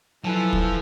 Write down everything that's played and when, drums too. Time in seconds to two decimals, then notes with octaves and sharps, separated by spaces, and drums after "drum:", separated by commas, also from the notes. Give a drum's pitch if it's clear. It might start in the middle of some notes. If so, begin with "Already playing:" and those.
0.24 F3 F#3 E4 A4 B4 G#5 A5
0.53 drum: kick